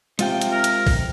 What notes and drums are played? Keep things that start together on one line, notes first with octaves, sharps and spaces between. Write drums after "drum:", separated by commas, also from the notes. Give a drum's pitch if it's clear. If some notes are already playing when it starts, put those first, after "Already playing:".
C3 G#3 F4 G5, drum: hi-hat
drum: hi-hat
A#4
drum: hi-hat
drum: kick A#1, open hi-hat